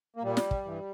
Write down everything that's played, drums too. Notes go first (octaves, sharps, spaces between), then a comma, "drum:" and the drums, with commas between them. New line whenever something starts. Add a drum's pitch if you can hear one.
A#3
A#2 G3
drum: snare
drum: kick
G2 E3